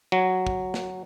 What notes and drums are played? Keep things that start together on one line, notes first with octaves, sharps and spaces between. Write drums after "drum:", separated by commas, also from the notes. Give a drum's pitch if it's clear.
F#3
drum: kick
drum: snare